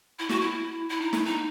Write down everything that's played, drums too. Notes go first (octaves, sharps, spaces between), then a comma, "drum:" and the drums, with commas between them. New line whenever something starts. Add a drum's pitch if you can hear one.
E4
F#4, drum: snare
E4
E4
D#4
E4, drum: snare
D#4